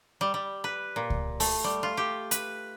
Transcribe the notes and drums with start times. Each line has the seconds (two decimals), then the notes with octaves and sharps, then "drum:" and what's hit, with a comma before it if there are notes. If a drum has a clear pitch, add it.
0.21 G3
0.34 G3
0.64 B4
0.96 A#2
1.10 drum: kick C#2
1.40 A3, drum: open hi-hat
1.64 G3
1.83 F4
1.97 G4
2.31 B4, drum: hi-hat